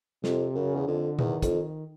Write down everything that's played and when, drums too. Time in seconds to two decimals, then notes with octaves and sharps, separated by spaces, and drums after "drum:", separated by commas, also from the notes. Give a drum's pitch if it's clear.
0.24 F2 C3, drum: snare
0.55 F#2 C#3
0.75 E2
0.87 F2 D3
1.19 E2 D#3, drum: tom A#2
1.42 F2, drum: kick, hi-hat
1.50 D#3